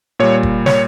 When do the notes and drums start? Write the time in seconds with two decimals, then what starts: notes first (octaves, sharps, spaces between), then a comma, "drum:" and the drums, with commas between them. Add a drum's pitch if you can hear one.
0.19 A#2 G3 C#5
0.43 drum: kick F1
0.66 C#5, drum: snare